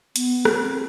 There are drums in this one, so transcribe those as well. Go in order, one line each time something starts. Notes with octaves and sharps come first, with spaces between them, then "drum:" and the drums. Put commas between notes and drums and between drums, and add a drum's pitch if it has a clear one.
B3, drum: hi-hat
drum: rim click
C4